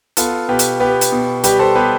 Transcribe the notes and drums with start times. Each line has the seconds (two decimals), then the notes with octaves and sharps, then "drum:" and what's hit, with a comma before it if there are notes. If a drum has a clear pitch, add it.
0.17 B3 F4 A4, drum: hi-hat
0.48 B2 G4 B4
0.59 drum: hi-hat
0.80 B3 G4 B4
1.01 drum: hi-hat
1.12 B2
1.44 G3 G4 B4, drum: hi-hat
1.59 A4 C5
1.75 B3 G4 B4